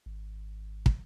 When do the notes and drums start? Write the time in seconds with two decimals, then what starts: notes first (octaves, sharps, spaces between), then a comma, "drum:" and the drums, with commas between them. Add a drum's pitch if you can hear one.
0.06 G#1
0.86 drum: kick